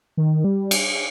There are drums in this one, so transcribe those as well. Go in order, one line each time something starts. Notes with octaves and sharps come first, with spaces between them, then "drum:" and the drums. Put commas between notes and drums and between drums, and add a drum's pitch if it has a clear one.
D#3
G3
drum: cymbal